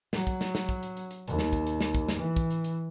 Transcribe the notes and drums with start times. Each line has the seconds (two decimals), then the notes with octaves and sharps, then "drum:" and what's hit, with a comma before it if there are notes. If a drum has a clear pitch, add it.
0.13 F#3, drum: snare
0.27 drum: kick, hi-hat
0.41 drum: snare
0.55 drum: snare
0.69 drum: kick, hi-hat
0.83 drum: hi-hat
0.97 drum: hi-hat
1.11 drum: hi-hat
1.28 D#2, drum: hi-hat
1.39 drum: snare
1.53 drum: kick, hi-hat
1.67 drum: hi-hat
1.81 drum: snare
1.95 drum: kick, hi-hat
2.09 drum: snare
2.18 E3
2.36 drum: kick, hi-hat
2.50 drum: hi-hat
2.64 drum: hi-hat